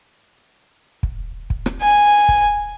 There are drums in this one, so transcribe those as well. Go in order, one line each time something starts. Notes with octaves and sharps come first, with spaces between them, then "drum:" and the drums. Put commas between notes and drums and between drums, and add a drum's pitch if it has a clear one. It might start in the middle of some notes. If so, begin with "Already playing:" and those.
drum: kick
drum: kick
drum: rim click
G#5
drum: kick